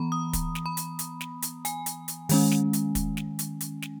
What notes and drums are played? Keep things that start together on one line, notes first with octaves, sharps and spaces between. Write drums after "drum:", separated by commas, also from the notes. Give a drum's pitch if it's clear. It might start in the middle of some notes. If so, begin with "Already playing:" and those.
Already playing: E3 B3 A#5 B5
D#6
drum: kick, hi-hat
drum: snare
B5
drum: hi-hat
drum: hi-hat
drum: snare
drum: hi-hat
G#5, drum: hi-hat
drum: hi-hat
drum: hi-hat
D#3 G#3 C#4, drum: open hi-hat
drum: snare
drum: hi-hat
drum: kick, hi-hat
drum: snare
drum: hi-hat
drum: hi-hat
drum: snare